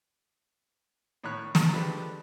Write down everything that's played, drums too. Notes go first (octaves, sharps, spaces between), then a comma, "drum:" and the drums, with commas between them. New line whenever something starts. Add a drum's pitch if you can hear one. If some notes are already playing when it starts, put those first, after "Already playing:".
A2 D#3 C#5 B5 F#6
A4 A#5, drum: snare
F3 G#3 A3 D4 G4 B4